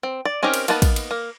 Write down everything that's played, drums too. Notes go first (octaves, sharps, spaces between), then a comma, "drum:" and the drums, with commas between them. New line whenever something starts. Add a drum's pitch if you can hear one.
C4
D5
C4 C#4 D#4 G4 A#4
drum: cymbal
A#3 B3 D#4 B4 A5, drum: cymbal
drum: kick, cymbal
drum: cymbal
A#3